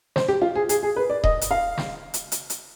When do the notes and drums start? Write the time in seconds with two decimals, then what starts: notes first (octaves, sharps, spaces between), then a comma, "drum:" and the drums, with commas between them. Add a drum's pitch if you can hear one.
0.16 C5, drum: snare
0.28 G4
0.42 F4
0.55 G#4
0.69 G#4, drum: hi-hat
0.83 G#4
0.96 B4
1.10 D5
1.24 D#5, drum: kick D#1
1.41 drum: hi-hat
1.51 F5
1.78 drum: snare
2.14 drum: hi-hat
2.32 drum: hi-hat
2.50 drum: hi-hat